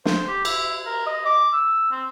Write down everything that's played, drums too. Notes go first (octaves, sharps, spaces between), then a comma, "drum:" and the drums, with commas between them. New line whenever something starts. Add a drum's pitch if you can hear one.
C5, drum: snare
G4
E4, drum: cymbal
A#4
D#5
D6
E6
C4